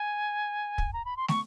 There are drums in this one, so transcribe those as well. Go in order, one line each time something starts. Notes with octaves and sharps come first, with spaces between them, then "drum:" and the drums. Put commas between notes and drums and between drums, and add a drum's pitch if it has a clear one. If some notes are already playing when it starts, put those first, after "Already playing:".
Already playing: G#5
drum: kick
A#5
B5
C6
C#6, drum: snare